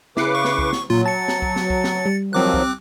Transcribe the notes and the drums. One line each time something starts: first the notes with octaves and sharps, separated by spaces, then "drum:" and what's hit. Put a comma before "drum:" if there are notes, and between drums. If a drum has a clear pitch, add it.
C#3 E4 B4 D6 C7 C#7, drum: snare
C#6
drum: snare
drum: kick
drum: snare
A#2 F#3 F4
A5 A6 C#7
drum: snare
drum: kick
drum: snare
drum: kick
drum: snare
G3
D#3 F3 F#3 C4 D6 F#6
drum: kick